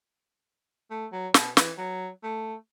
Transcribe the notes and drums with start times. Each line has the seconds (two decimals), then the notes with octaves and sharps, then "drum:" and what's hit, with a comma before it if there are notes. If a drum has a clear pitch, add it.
0.90 A3
1.12 F#3
1.34 B2, drum: snare
1.57 E3, drum: snare
1.78 F#3
2.23 A3